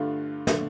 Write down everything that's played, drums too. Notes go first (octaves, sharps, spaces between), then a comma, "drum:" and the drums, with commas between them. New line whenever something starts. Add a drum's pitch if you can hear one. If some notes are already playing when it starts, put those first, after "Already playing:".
Already playing: G2 D3 A3 F4
D3 A3, drum: snare